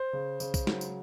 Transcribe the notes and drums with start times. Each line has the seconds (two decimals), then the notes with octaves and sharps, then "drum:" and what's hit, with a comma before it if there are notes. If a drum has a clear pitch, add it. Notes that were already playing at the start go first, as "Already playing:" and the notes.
Already playing: C5
0.13 C#3
0.40 C#3, drum: tambourine
0.54 drum: kick B1, tambourine
0.67 F#3, drum: snare
0.81 drum: tambourine